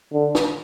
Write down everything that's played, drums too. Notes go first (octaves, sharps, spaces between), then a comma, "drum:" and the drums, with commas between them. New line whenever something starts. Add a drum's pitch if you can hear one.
D3
drum: snare